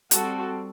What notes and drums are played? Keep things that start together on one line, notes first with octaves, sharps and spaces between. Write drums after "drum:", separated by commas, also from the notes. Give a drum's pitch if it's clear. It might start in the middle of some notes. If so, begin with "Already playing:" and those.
G3 C4 F#4 A4, drum: hi-hat